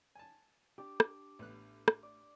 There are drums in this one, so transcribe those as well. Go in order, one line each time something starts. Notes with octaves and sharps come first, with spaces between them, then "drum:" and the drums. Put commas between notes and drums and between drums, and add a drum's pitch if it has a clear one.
G#5 A5
D4 G4 D6
drum: rim click
A1 B3 F#6
drum: rim click
D5